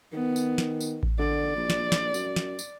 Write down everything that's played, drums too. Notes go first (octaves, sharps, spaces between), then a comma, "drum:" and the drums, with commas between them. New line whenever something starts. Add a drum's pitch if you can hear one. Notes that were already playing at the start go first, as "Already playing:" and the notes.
D#3 B3
drum: tambourine
drum: snare
drum: tambourine
drum: kick A1
D3 D5
A#1
drum: snare
drum: snare
F#2, drum: tambourine
drum: snare
drum: tambourine